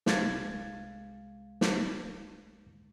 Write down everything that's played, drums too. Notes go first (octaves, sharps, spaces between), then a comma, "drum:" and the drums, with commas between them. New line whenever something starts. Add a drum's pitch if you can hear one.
C2 G#3 F5 G#6 A6, drum: snare
drum: snare